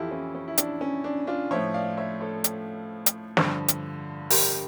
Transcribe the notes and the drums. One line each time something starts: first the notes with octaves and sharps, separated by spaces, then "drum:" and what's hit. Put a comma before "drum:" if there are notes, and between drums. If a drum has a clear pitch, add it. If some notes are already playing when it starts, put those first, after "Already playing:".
Already playing: F2 E3 E4 F4 G4 A4
C#4 E4
C#4
E4
D4, drum: hi-hat
C#4
D4
D4 F4
A2 F3 C#5 E5
D5 F5
C#5 E5
A4 C#5
drum: hi-hat
drum: hi-hat
G2 D3 F3, drum: snare
drum: hi-hat
G4 A#4, drum: open hi-hat